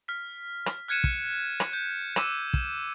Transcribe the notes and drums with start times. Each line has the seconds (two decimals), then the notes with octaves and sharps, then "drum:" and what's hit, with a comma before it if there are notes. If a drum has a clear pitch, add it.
0.08 F6 B6
0.66 drum: rim click
0.88 F6 F#6 G#6 C#7 D#7 E7
1.04 drum: kick
1.60 drum: rim click
1.73 G6
2.16 D6 E6 D#7 E7, drum: rim click
2.54 drum: kick